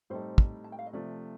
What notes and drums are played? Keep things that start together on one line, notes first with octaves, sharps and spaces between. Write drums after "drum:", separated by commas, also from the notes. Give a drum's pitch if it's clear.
A2 G3 C4 D#4 A4 C5
drum: kick
A5
G5
F5
D#5
C3 F3 A3 D5